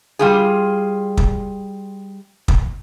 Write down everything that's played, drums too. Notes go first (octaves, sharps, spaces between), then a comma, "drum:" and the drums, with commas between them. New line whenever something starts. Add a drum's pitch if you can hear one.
G3 F4 G#4
drum: kick
drum: kick